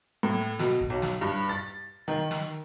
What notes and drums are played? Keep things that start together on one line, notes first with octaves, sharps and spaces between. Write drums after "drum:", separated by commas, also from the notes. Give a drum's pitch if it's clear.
A2
B2, drum: snare
drum: kick
B1
drum: snare
G2
A6
D#3
drum: snare